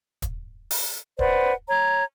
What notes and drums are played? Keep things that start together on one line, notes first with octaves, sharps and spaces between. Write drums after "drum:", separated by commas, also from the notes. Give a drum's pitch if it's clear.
drum: kick, hi-hat
drum: open hi-hat
B4 C5 D5 F#5, drum: kick
C#5 A#5